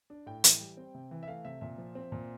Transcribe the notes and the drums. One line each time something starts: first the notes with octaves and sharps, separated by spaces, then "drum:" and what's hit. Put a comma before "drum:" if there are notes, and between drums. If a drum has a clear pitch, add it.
D4
A2 G5
E3, drum: hi-hat
G3
C4
C3
E3
E5
A3 F5
C3 E5
A#2 E5
F3
C4
A#2